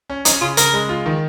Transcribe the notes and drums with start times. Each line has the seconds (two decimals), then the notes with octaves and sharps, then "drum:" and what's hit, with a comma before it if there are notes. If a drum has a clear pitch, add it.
0.10 C#4
0.25 C#4 D#4, drum: hi-hat
0.41 C#3 F4
0.57 C#3 A#4, drum: hi-hat
0.73 G#3
0.89 F4
1.06 D#3